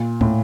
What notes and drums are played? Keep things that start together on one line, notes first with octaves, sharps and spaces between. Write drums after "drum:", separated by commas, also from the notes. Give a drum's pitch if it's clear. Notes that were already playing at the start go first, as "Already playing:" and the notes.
Already playing: A#2
A2, drum: kick